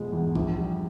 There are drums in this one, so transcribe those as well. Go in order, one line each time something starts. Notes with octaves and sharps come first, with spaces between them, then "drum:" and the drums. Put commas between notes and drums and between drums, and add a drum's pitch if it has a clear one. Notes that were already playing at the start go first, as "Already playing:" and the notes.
Already playing: F1 B2 G#3
E2
A#1, drum: kick B1
G3